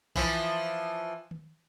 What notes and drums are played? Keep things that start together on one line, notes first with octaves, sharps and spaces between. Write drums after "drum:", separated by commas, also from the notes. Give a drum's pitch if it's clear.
E3 F3, drum: kick A#1
drum: tom D#3